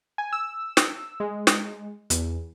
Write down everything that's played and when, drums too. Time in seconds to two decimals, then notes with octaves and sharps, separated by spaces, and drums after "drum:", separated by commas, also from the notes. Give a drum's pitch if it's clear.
0.18 G#5
0.33 E6
0.77 drum: snare
1.20 G#3
1.47 drum: snare
2.10 E2, drum: hi-hat